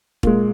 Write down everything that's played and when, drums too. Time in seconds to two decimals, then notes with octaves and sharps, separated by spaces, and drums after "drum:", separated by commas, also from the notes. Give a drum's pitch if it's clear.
0.23 A#2 G#3, drum: kick